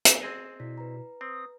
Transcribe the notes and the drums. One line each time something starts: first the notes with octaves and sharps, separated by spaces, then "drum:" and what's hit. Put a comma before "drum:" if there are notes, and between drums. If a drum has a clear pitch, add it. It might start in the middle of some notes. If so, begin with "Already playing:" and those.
drum: hi-hat
C4 G#4 D#5
B2 E4 D5 B6
B4 A#5
C4 D#6